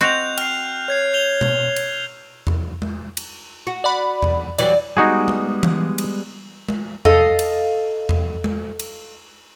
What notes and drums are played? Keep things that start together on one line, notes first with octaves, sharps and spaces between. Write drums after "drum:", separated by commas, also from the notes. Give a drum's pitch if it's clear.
C4 F#4 D#5 F#6 G6 F7
G5 F6 C7, drum: cymbal
C#5 F#6 G#6 C7
G6 F7 G7
drum: tom B2
drum: cymbal
drum: tom E2
drum: tom G#3
drum: cymbal
F#4
D5 F#5 B5
drum: tom E2
E3 F#3 G3 D5, drum: cymbal
G3 G#3 B3 D#4 F#4 G#4
drum: tom G#3
drum: tom E3
drum: cymbal
drum: tom G#3
A4 D#5 F5, drum: tom E2
drum: cymbal
drum: tom E2
drum: tom G#3
drum: cymbal